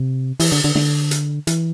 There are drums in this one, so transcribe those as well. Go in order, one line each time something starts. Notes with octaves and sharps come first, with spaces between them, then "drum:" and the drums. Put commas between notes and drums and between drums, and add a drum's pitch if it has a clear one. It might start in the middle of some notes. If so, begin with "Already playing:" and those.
Already playing: C3
E3, drum: open hi-hat
D3
D3
D3, drum: snare
drum: hi-hat
E3, drum: hi-hat